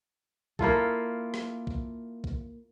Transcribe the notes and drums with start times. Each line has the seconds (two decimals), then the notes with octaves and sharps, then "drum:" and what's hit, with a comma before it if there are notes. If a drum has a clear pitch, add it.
0.59 A#3 E4 F4 A4, drum: kick
1.34 drum: rim click
1.67 drum: kick
2.24 drum: kick